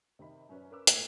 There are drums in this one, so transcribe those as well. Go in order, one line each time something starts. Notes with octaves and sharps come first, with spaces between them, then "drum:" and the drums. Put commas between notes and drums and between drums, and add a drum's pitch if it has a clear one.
C3 D#3 D#5 B5
F#2 C#4 B4 D5
C#4 A#4 B4 D6 E6
G1 A2 A#3 G#6 A6 C7, drum: hi-hat